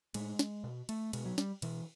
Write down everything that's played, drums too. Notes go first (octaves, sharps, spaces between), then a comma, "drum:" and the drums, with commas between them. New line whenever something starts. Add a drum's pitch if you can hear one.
A2 G#3, drum: cymbal
drum: snare
B2
A3, drum: cymbal
B2 G#3, drum: cymbal
F#3
G3, drum: snare
B2 E3, drum: cymbal